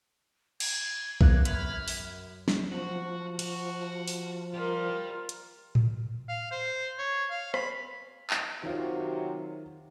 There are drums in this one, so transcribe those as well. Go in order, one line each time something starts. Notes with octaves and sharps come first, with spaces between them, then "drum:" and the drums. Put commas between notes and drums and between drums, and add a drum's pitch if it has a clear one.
G#6, drum: cymbal
C#3 A#3 B3 E5 F#6, drum: kick A#1
F#2 B5 F6, drum: hi-hat
drum: open hi-hat
drum: snare
F3 F#4
F#4, drum: cymbal
drum: open hi-hat
F4 G4 A#4 D5
drum: hi-hat
drum: tom A2
F5
C5
C#5
F5
B5, drum: rim click
drum: clap
C3 D#3 F#3 F4